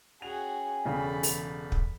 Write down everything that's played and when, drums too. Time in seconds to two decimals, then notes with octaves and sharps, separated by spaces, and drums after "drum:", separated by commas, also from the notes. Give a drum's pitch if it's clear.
0.22 C#4 F#4 G#4 G5 G#5 F7
0.85 E1 C#3 E3 A4 B5
1.23 drum: open hi-hat
1.72 drum: kick